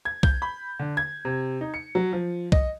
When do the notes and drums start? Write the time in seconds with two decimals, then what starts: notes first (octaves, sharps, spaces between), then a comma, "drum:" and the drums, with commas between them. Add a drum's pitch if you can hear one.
0.05 G#6
0.23 G6, drum: kick
0.42 B5
0.79 D3
0.97 G#6
1.25 C3
1.61 D#4
1.74 C#7
1.95 F#3
2.13 F3
2.52 D#5, drum: kick